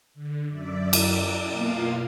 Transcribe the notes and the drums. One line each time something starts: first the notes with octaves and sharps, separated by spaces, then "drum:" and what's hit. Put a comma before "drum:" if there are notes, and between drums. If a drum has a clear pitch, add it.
D3
F#2 D5 E5
drum: cymbal
B2 A#3 F4 F5